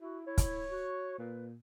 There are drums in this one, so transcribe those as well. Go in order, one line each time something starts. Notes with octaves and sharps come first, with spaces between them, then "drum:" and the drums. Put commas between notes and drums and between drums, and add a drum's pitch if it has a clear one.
E4 F#4
E4 C#5
drum: kick, hi-hat
F#4
A#2 B4